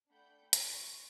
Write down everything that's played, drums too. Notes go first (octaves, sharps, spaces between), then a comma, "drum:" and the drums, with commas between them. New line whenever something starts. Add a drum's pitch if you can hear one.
A3 D4 F#5 G5 B5 G6
C6 C#6 A6 A#6 D7, drum: hi-hat